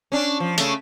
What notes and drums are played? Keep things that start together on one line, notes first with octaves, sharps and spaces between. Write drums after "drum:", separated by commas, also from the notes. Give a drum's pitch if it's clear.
C#4 D4
F3
C#3 A3, drum: hi-hat